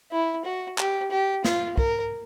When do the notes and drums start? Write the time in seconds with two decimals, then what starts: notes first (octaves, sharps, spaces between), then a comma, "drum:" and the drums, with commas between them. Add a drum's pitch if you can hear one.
0.12 E4
0.45 F#4
0.78 G4, drum: clap
1.11 G4
1.44 F4, drum: snare
1.78 A#4, drum: kick